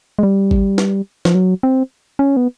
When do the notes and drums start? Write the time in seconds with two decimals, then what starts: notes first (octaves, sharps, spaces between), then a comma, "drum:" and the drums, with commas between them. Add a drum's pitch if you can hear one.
0.19 G#3
0.23 G3
0.51 drum: kick G#1
0.78 drum: snare
1.25 F3, drum: snare
1.35 F#3
1.63 C4
2.19 C#4
2.37 B3